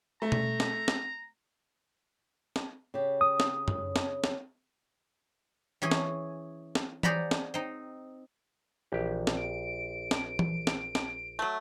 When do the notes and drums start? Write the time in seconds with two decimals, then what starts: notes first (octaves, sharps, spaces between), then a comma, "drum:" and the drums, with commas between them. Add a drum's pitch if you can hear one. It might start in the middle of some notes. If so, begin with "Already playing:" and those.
0.22 A3 A#5
0.32 drum: tom B2
0.60 drum: snare
0.88 drum: snare
2.56 drum: snare
2.94 C#3 G4
3.21 D#6
3.40 drum: snare
3.68 drum: tom F#2
3.96 drum: snare
4.24 drum: snare
5.82 E3 C#4 G#4 G#5
5.91 drum: snare
6.75 drum: snare
7.03 G#4 C5 D5 F#5 A#5 B5, drum: tom E3
7.31 drum: snare
7.54 C4 D#4
8.92 A#1 E3 G4
9.27 drum: snare
9.37 D7
10.11 drum: snare
10.39 drum: tom E3
10.67 drum: snare
10.95 drum: snare
11.39 F#3 A3